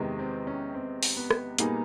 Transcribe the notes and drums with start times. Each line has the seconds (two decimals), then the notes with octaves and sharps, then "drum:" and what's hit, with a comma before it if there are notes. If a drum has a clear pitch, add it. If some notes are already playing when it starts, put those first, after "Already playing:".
Already playing: E2 C3 D#3 G#3
0.19 C4
0.47 C#4
0.74 C4
1.03 drum: open hi-hat
1.16 B3
1.31 drum: rim click
1.58 A#2 G3 A#3 B3 D#4 G#4, drum: hi-hat